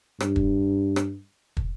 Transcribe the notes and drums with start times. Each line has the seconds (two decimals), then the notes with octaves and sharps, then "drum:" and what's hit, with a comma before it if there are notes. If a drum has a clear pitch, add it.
0.20 G2, drum: rim click
0.36 drum: kick
0.96 drum: rim click
1.57 drum: kick